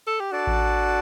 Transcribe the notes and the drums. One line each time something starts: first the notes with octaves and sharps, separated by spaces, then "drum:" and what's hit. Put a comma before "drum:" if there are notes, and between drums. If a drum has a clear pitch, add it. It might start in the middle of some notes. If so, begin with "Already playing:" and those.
A4
G4
D4 F#4 A4 D5 A5
drum: kick A1